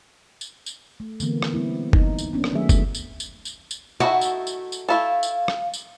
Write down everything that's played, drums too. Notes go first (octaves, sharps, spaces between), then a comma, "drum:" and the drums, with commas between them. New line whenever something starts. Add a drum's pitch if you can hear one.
drum: tambourine
drum: tambourine
A3
D3 E3 A#3 B3, drum: tambourine
drum: rim click
G3 B3 C4 E4
D#4, drum: kick F#1
drum: tambourine
A#3 B3 C#4 D4
drum: rim click
D#3 F#3 A3 G#4 E5
drum: kick F#1, tambourine
drum: tambourine
drum: tambourine
drum: tambourine
drum: tambourine
A3 D#4 E4 F#4
drum: tambourine
drum: tambourine
drum: tambourine
A3 E4 A4 F5
drum: tambourine
drum: rim click
drum: tambourine